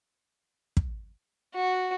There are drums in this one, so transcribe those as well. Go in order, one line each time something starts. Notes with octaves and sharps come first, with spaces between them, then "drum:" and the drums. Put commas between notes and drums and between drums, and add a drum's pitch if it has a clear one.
drum: kick
F#4